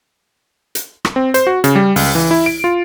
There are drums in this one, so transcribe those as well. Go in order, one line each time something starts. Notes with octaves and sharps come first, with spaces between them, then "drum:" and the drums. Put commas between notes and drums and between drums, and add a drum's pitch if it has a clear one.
drum: hi-hat
drum: rim click
C4
C5, drum: hi-hat
F#4
C#3, drum: hi-hat
G3
C#2, drum: open hi-hat
E3
E4
D7
F4